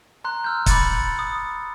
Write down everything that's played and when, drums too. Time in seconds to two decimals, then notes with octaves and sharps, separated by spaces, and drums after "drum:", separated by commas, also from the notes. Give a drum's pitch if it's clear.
0.25 A#5 C6 F#6
0.44 E6 F6 G6
0.66 B5 D6 A6 C#7, drum: kick, hi-hat
1.19 D#6